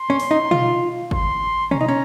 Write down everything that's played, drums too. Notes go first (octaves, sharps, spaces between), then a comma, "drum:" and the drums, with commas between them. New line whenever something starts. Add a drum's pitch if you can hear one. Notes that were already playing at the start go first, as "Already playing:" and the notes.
Already playing: C6
C#4
drum: open hi-hat
D#4
F4, drum: tom B2
C6, drum: kick
C#4 A#5, drum: tom B2
D#4
C#4